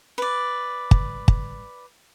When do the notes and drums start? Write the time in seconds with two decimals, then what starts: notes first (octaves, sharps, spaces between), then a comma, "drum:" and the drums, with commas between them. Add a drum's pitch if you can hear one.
0.18 B4 D5
0.91 drum: kick
1.28 drum: kick